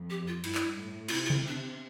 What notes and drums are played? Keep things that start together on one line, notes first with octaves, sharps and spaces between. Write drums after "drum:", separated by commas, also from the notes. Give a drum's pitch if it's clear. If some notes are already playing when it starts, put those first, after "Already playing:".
Already playing: F2
G4
F4
G2 E4, drum: cymbal
drum: clap
A2
F4, drum: cymbal
C3 E4
F4
E4, drum: tom C3
D4